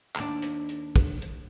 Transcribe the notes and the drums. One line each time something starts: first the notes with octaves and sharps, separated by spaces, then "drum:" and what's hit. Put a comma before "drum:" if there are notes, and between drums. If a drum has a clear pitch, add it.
D#2 D4, drum: clap
drum: hi-hat
drum: hi-hat
drum: kick, open hi-hat
drum: hi-hat